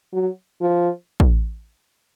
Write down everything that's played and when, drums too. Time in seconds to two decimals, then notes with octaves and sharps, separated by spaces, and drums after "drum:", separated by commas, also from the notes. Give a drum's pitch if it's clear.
0.13 F#3
0.61 F3
1.20 drum: kick